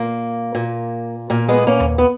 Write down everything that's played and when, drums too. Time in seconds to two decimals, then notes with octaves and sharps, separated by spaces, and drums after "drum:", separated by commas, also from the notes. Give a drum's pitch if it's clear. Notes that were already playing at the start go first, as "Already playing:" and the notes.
Already playing: A#2 A#3
0.55 A#2
1.30 A#2 A#3
1.48 G#3 B3
1.67 A#3 C#4
1.80 drum: tom D#2
1.98 B3